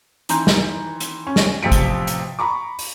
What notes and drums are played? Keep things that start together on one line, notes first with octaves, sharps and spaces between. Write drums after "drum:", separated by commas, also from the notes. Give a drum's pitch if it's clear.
D#3 E3 A#5 C6 G6, drum: hi-hat
drum: snare
drum: hi-hat
C#4
drum: snare
A1 C3 F3 B6 C#7 D7
drum: kick, hi-hat
drum: hi-hat
A#5 B5 C#6 D6
drum: open hi-hat